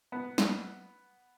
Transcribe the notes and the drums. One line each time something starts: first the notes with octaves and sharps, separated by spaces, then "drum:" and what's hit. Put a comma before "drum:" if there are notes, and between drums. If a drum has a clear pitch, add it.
B3
drum: snare